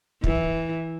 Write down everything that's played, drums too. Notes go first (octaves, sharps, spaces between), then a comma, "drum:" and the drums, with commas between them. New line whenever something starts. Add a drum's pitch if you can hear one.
E3, drum: kick